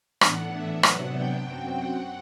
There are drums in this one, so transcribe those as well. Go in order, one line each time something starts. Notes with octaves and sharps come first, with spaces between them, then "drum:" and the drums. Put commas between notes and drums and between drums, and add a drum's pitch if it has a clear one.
A2 E3 B3 D4 F#5, drum: rim click
E5
C3 F#3 B3 D4 F#5, drum: rim click
G5
F#2 F#3 C4
F#5